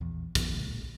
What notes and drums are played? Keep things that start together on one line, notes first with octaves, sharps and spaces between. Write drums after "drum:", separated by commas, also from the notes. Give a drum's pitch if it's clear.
A#1 E2
D#3 F3 B3, drum: kick, hi-hat
D1 C#2 A#2